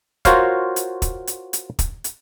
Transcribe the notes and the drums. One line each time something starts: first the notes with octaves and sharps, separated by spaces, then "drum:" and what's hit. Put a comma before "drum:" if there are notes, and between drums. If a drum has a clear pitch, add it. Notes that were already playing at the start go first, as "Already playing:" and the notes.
F4 F#4 A#4 C5 C#5 F5, drum: kick, hi-hat
drum: hi-hat
drum: kick, hi-hat
drum: hi-hat
drum: hi-hat
drum: kick, hi-hat
drum: hi-hat